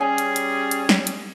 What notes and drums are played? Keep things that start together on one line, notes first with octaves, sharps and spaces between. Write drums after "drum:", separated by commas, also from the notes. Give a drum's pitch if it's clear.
G3 C#4 G#4 G#5
drum: hi-hat
drum: hi-hat
drum: hi-hat
drum: snare
drum: hi-hat